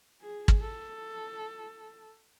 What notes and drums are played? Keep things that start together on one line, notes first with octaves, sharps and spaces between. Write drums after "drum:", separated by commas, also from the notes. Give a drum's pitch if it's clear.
G#4
drum: kick
A4